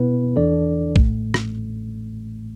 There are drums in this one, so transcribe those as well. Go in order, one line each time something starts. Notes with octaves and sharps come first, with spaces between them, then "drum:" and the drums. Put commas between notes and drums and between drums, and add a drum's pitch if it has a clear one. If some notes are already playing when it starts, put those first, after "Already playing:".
Already playing: B2 B3 E4 B4
E2 E3 D4 A4 D5
A1 A2 A3, drum: kick
drum: rim click